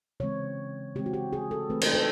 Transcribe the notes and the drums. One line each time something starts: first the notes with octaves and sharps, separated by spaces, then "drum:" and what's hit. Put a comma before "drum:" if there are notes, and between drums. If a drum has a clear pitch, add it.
C#3 E3 G#3 C4 C#5
C#3 E3 G#3 C4 G4
F#4
G4
G#4
A4
E3 A3 C4 B4
A#4, drum: cymbal
A4